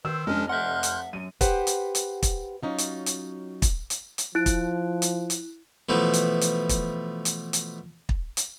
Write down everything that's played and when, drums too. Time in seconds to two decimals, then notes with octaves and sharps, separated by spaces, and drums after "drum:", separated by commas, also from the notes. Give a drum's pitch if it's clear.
0.05 D#3 B4 C5 E6
0.27 F1 G#3 C#4 D4 D#5 F6
0.49 E5 F#5 C6 F#6 G6
0.83 drum: hi-hat
1.13 F#2 D#7
1.41 G4 B4 C5 F#5, drum: kick, hi-hat
1.67 drum: hi-hat
1.95 drum: hi-hat
2.23 drum: kick, hi-hat
2.63 F#3 C#4 D#4 F4
2.78 drum: hi-hat
3.06 drum: hi-hat
3.62 drum: kick, hi-hat
3.90 drum: hi-hat
4.18 drum: hi-hat
4.35 F3 E4 F#6 D7
4.46 drum: kick, hi-hat
5.02 drum: hi-hat
5.30 drum: hi-hat
5.89 B2 E3 F3 A3
6.13 drum: hi-hat
6.41 drum: hi-hat
6.69 drum: kick, hi-hat
7.25 drum: hi-hat
7.53 drum: hi-hat
8.09 drum: kick
8.37 drum: hi-hat